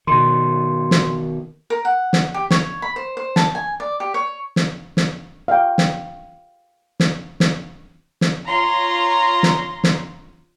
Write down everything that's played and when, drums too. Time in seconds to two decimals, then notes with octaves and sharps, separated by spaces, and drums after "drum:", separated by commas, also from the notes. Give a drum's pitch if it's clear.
0.07 B2 D#3 C6
0.91 drum: snare
1.70 A#4
1.85 F#5
2.13 drum: snare
2.34 G4
2.51 C#5, drum: snare
2.82 B5
2.96 C5
3.17 C5
3.36 A5, drum: snare
3.55 G#5
3.80 D5
4.00 G4
4.14 C#5
4.56 drum: snare
4.97 drum: snare
5.48 F5 G5
5.78 drum: snare
7.00 drum: snare
7.40 drum: snare
8.21 drum: snare
8.48 F4 C#5 A#5 C6
9.43 drum: snare
9.84 drum: snare